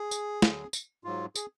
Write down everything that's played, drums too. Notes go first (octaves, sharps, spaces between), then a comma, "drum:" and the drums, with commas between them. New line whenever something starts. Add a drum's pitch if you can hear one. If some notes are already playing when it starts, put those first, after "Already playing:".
Already playing: G#4
drum: tambourine
D2 D3 F#3, drum: snare
drum: tambourine
G#2 F#3 F4
G#4, drum: tambourine